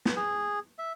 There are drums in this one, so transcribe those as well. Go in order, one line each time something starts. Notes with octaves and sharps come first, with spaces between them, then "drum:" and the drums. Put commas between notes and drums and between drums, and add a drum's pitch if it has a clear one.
drum: snare
G#4
E5